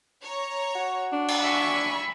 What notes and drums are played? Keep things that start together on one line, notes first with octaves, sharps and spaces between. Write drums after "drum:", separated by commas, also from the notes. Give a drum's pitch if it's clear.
C#5 A#5
F#4
D4
drum: cymbal
E5 G#5 B5 C#6